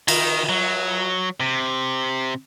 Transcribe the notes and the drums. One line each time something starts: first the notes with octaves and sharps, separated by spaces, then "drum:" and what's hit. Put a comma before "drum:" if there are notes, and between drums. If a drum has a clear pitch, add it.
D#3, drum: cymbal
F#3
C3